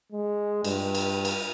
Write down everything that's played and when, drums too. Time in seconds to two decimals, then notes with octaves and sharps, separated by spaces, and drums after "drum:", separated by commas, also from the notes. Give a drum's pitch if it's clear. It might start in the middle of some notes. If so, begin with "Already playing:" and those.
0.12 G#3
0.64 G2, drum: cymbal
0.95 drum: cymbal
1.25 drum: cymbal